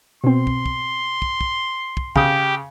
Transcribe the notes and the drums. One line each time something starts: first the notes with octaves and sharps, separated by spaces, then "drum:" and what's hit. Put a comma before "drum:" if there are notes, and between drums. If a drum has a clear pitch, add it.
B2 C4 C6
drum: kick
drum: kick
drum: kick
drum: kick
drum: kick
C#3 G4 D#6, drum: kick